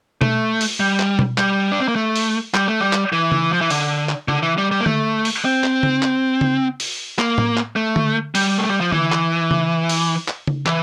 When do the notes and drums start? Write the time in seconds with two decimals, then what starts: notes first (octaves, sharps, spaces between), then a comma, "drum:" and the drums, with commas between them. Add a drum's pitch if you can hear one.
0.21 A3, drum: tom B2
0.61 drum: open hi-hat
0.80 G3
0.99 drum: clap
1.19 drum: tom B2
1.38 G3, drum: clap
1.72 D4
1.80 C4
1.88 A#3
1.96 A3
2.16 drum: open hi-hat
2.54 G3, drum: clap
2.68 A3
2.81 G3
2.93 drum: clap
3.13 E3
3.32 drum: tom C#3
3.53 F3
3.61 E3
3.70 D3, drum: open hi-hat
4.09 drum: clap
4.28 D3, drum: tom C#3
4.43 E3
4.58 G3
4.72 G3
4.80 A#3
4.86 A3, drum: tom D3
5.25 drum: open hi-hat
5.45 C4
5.64 drum: clap
5.83 drum: tom C#3
6.02 drum: clap
6.41 drum: tom C#3
6.80 drum: open hi-hat
7.19 A#3, drum: clap
7.38 drum: tom A2
7.57 drum: clap
7.76 A3
7.96 drum: tom D3
8.35 G3, drum: open hi-hat
8.57 A3
8.69 G3
8.81 F3
8.92 E3, drum: tom D3
9.12 drum: clap
9.51 drum: tom C#3
9.89 drum: open hi-hat
10.28 drum: clap
10.47 drum: tom C#3
10.66 E3, drum: clap